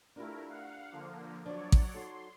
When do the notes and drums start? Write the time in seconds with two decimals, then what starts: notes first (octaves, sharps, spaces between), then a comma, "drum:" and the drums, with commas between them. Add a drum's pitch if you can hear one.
0.16 A3 D4 E4 F4 G4 A#4
0.49 F5 F#5
0.91 D3 F3 A#3
1.46 F3 F#3 D4 C#5 D5
1.72 drum: kick A1
1.94 D#4 F#4 A4 C6